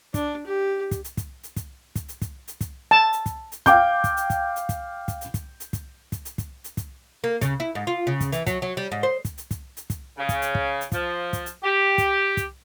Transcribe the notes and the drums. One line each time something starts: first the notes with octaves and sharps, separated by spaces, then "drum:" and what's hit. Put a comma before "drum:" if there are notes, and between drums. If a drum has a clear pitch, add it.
D4, drum: kick, hi-hat
G4
drum: kick, hi-hat
drum: hi-hat
drum: kick, hi-hat
drum: hi-hat
drum: kick, hi-hat
drum: kick, hi-hat
drum: hi-hat
drum: kick, hi-hat
drum: hi-hat
drum: kick, hi-hat
A5
drum: hi-hat
drum: kick, hi-hat
drum: hi-hat
F5 G5 D6 G6, drum: kick, hi-hat
drum: kick, hi-hat
drum: hi-hat
drum: kick, hi-hat
drum: hi-hat
drum: kick, hi-hat
drum: kick, hi-hat
drum: hi-hat
drum: kick, hi-hat
drum: hi-hat
drum: kick, hi-hat
drum: kick, hi-hat
drum: hi-hat
drum: kick, hi-hat
drum: hi-hat
drum: kick, hi-hat
A#3
C#3, drum: kick, hi-hat
E4
G#2
F4
C#3
drum: kick, hi-hat
E3, drum: hi-hat
F#3, drum: kick, hi-hat
F#3
G3
G#2
C5
drum: kick, hi-hat
drum: hi-hat
drum: kick, hi-hat
drum: hi-hat
drum: kick, hi-hat
C#3
drum: kick, hi-hat
drum: hi-hat
drum: kick
drum: hi-hat
F3, drum: kick, hi-hat
drum: kick, hi-hat
drum: hi-hat
G4
drum: kick, hi-hat
drum: kick, hi-hat